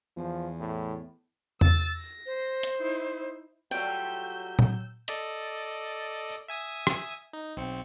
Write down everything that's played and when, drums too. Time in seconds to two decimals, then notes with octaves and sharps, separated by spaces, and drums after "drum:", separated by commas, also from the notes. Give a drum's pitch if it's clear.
0.17 E2 F3
0.60 A2
1.61 E6 A6, drum: tom E2
1.96 A#6
2.26 C5
2.63 drum: hi-hat
2.77 D#4 E4
3.71 F#3 G3 A3 F4 G5 E6 G6, drum: tambourine
4.59 drum: tom A#2
5.08 A4 D5 D#5, drum: hi-hat
6.29 drum: tambourine
6.48 E5 G#5 D#6
6.87 drum: rim click
7.33 D#4
7.57 B1 C4 C#7